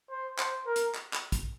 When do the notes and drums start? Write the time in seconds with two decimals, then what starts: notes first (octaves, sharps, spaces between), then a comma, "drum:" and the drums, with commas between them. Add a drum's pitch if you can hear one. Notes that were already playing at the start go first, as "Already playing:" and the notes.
0.10 C5
0.38 C5, drum: clap
0.66 A#4
0.76 drum: hi-hat
0.95 drum: clap
1.14 drum: clap
1.32 drum: kick, hi-hat